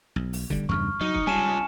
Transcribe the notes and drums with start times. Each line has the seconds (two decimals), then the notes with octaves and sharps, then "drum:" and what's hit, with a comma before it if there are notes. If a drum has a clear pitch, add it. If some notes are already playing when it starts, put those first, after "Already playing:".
0.16 B1
0.33 drum: open hi-hat
0.50 D3 G3, drum: kick
0.69 E2 G2 C#3 C#6 F6
1.01 F#3 D#4
1.15 C#7, drum: kick
1.27 G3 C#4 F4 G#5 A5 E7